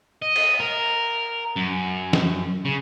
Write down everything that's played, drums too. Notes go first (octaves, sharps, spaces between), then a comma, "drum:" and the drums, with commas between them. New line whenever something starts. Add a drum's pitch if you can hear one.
D#5
drum: cymbal
A#4
F#2
drum: snare
C#3